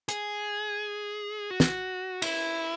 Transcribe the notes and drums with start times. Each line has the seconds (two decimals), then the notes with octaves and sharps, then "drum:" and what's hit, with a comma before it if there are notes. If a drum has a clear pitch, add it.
0.09 G#4, drum: hi-hat
1.50 F#4
1.60 drum: snare
2.22 E4, drum: cymbal